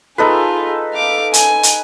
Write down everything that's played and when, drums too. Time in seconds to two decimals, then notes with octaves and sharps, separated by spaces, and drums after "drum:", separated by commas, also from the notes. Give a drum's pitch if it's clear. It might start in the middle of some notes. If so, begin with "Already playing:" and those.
0.18 D#4 F4 G#4 A4 B4
0.94 F5 D6
1.34 G#5, drum: hi-hat
1.63 drum: hi-hat